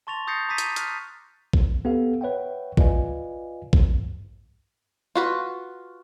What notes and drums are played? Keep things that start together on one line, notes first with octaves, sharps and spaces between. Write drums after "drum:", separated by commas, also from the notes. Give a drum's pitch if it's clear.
A5 C6 C#6 A6 A#6 F7
D#6 G6 A6 A#6 C7 C#7
A#5 D6 D#6 A6 B6 D#7
drum: hi-hat
F6 F#6 B6, drum: hi-hat
drum: kick
B3 G4 A4 F5
B4 C#5 E5 F#5 G5
F4 B4 D5 D#5 F5 G#5, drum: kick
G2, drum: kick
F4 F#4 B4